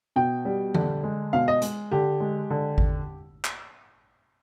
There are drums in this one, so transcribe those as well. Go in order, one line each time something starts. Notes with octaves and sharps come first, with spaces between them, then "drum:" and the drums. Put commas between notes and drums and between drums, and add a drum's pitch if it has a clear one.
B2 G5
G3
D3, drum: tom E3
G#3
B2 F5
D#5
G#3, drum: hi-hat
D3 G4
G#3
D3
drum: kick G#1
drum: clap